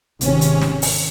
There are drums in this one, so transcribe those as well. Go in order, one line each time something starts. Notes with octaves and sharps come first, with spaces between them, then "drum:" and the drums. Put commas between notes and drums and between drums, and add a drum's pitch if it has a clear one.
G#1 C3 C#4, drum: hi-hat
drum: hi-hat
drum: snare
drum: open hi-hat